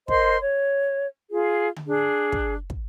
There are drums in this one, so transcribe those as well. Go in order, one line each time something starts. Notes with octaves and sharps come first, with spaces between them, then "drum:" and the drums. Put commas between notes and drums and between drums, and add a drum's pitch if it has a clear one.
A#4 C5 D#5 C6, drum: kick
C#5
F4 G#4
drum: tom D3
D4 G#4
drum: kick
drum: kick